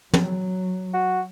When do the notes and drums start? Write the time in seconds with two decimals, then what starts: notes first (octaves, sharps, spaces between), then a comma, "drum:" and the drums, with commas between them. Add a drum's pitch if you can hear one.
0.14 F#3, drum: tom
0.94 F#4